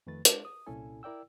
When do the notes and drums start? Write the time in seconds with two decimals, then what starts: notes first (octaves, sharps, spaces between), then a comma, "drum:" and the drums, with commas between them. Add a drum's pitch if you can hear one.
0.07 F2 D#3 A3 B4 A6
0.25 G#3 D4, drum: hi-hat
0.45 D#6
0.66 C2 A#2 C#4 E4 A4 G#5
1.03 E4 A#4 D5 G5 E6